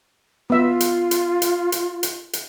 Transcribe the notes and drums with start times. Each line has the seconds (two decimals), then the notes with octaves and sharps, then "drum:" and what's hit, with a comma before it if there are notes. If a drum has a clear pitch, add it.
0.50 B3 F4 E5
0.80 drum: hi-hat
1.11 drum: hi-hat
1.42 drum: hi-hat
1.72 drum: hi-hat
2.03 drum: hi-hat
2.33 drum: hi-hat